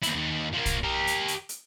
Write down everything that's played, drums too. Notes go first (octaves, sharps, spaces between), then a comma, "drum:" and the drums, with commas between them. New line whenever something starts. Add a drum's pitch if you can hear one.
D#2 E4, drum: hi-hat
D#2
F3 A#3
drum: kick, hi-hat
G4 A#4
drum: hi-hat
drum: hi-hat
drum: hi-hat